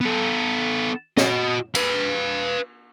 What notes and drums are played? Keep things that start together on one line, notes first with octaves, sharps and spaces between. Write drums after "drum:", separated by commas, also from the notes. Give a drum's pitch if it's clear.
B3 A4
F#4 D#5, drum: snare
B4 F5, drum: cymbal